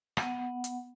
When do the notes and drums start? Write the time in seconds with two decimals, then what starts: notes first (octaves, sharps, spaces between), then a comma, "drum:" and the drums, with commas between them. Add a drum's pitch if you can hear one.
0.17 B3 F#5, drum: rim click
0.64 drum: hi-hat